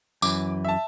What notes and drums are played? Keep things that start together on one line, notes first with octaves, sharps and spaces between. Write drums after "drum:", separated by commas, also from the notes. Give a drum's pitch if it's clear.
F#2 E3 D6, drum: tambourine
E5 A5